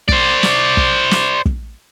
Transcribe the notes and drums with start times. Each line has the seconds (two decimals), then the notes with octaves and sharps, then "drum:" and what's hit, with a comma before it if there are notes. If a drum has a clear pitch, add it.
0.09 C5 D5, drum: kick
0.43 drum: snare
0.77 drum: kick
1.11 drum: snare
1.46 drum: kick